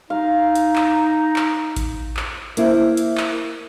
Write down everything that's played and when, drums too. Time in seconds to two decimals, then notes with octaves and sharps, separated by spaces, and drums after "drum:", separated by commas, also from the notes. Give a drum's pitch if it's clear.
0.10 D#4 F5
0.55 drum: hi-hat
0.76 drum: clap
1.36 drum: clap
1.76 drum: kick A1, hi-hat
2.17 drum: clap
2.57 A#3 E4 C5 E5, drum: hi-hat
2.97 drum: hi-hat
3.18 drum: clap